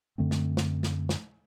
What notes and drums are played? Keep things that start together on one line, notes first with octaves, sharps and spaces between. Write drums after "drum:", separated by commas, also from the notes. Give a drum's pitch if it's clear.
F#2 D3 A3 C4
drum: snare
drum: snare
drum: snare
drum: snare